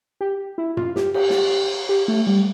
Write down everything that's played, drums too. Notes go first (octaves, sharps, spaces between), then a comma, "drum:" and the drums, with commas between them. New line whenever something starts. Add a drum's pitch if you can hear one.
G4
E4
F4, drum: tom F#2
G4, drum: snare
G4, drum: cymbal
drum: snare
G4
A3
G3